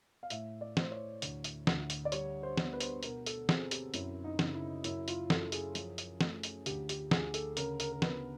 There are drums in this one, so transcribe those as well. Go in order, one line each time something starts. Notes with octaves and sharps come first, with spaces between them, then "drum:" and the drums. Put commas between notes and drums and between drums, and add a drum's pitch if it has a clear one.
F5
A2 E5, drum: hi-hat
D5
A2 C5, drum: snare
C#5
D2, drum: hi-hat
drum: hi-hat
D2, drum: snare
drum: hi-hat
D5
G3 C#5, drum: hi-hat
C5
B3, drum: snare
B4
C5, drum: hi-hat
B4
B2 A#4, drum: hi-hat
A4, drum: hi-hat
C4 G#4, drum: snare
G4, drum: hi-hat
F#2 E4, drum: hi-hat
D#4
C#3, drum: snare
E4
F#2 E4, drum: hi-hat
F4, drum: hi-hat
F#2 A4, drum: snare
G#4, drum: hi-hat
F3, drum: hi-hat
drum: hi-hat
A3, drum: snare
drum: hi-hat
D2 G4, drum: hi-hat
G4, drum: hi-hat
D2 G#4, drum: snare
A4, drum: hi-hat
C#3 A#4, drum: hi-hat
A#4, drum: hi-hat
A#4
B3 B4, drum: snare